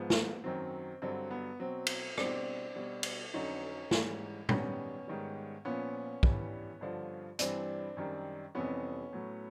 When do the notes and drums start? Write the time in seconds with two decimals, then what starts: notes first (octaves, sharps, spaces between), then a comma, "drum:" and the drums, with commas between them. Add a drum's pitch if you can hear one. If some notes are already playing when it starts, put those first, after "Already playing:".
Already playing: G#2 F3 B3
0.10 drum: snare
0.44 F#2 D#3 F#3 C4
1.02 G2 D3 F#3 C4
1.31 B3
1.59 B2 F#3 C4
1.87 drum: cymbal
2.18 B2 G3 C4 D4, drum: rim click
2.76 B2 G3
3.03 drum: cymbal
3.34 F2 D3 F#3 C#4 D#4
3.91 G#2 E3 G3, drum: snare
4.49 F#2 D#3 G3 B3 C#4, drum: tom
5.07 G#2 D#3 G3
5.65 A#2 F3 B3 C#4
6.23 G2 E3 G3, drum: kick
6.81 G2 D3 F3
7.39 G2 E3 G3 C4 D4, drum: hi-hat
7.97 F#2 D#3 G3
8.55 F2 C3 E3 G3 B3 C#4
9.13 A2 F#3